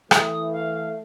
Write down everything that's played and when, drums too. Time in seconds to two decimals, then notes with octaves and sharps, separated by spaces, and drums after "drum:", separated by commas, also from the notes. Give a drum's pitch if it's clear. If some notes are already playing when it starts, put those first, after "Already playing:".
0.11 E3 A3 D#6, drum: rim click
0.52 F5